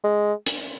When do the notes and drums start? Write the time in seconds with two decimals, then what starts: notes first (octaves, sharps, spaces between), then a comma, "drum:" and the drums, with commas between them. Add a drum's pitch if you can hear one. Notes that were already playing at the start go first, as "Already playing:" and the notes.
0.04 G#3
0.46 drum: hi-hat